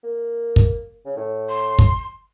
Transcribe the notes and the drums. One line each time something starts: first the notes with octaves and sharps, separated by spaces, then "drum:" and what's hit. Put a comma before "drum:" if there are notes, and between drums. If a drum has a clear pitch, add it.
A#3
drum: kick
C#3
A2
C6
drum: kick